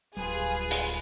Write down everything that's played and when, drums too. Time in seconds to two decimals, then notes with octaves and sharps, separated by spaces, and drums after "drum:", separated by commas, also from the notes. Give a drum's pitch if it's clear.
0.17 D1 G3 F4 G#4 B4
0.71 drum: hi-hat